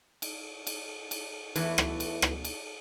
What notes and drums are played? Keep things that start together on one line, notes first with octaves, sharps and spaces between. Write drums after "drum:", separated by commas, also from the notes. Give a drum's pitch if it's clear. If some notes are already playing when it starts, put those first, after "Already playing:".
drum: cymbal
drum: cymbal
drum: cymbal
E2 E3 A3 B4, drum: cymbal
drum: rim click
drum: cymbal
drum: rim click
drum: cymbal